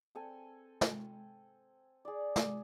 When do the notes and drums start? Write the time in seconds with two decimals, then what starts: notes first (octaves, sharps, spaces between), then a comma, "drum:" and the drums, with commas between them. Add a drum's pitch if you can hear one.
0.15 C4 A4 G#5
0.81 drum: snare
2.05 G#4 D5
2.36 drum: snare